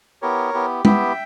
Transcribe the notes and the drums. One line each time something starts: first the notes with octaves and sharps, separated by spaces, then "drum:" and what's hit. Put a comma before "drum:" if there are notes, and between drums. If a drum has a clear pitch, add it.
B3 E4 G4 A#4 C#5
B3 E4 G4
B3 E4 G4 E5 G5, drum: tom